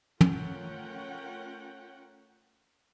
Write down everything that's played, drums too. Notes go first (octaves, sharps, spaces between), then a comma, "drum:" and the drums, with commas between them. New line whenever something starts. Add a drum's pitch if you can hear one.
A3 C#4 F4 A#4 F#5 G5, drum: tom